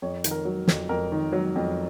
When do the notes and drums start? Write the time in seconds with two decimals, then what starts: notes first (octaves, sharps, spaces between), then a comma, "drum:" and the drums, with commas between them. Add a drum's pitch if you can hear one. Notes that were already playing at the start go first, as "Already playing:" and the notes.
0.02 F2 C#5
0.24 D#3, drum: hi-hat
0.31 A#4
0.45 F#3
0.68 F2, drum: snare
0.89 F2 A#4
1.12 D#3
1.33 F#3
1.56 F2